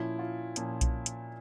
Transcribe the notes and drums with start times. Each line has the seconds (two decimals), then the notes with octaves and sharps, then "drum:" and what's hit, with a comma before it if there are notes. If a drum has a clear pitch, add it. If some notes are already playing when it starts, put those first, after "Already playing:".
Already playing: A#2 F3 C#4 E4
0.19 F4
0.56 A#2 F3 C#4, drum: hi-hat
0.81 drum: kick B1, hi-hat
1.06 drum: hi-hat